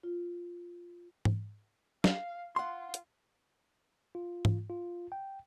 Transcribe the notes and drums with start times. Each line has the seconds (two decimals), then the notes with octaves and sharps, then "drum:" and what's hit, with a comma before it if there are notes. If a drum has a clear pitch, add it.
0.03 F4
1.25 drum: tom G#2
2.04 F5, drum: snare
2.56 F4 F#5 C6
2.94 drum: hi-hat
4.15 F4
4.45 drum: tom G#2
4.70 F4
5.12 G5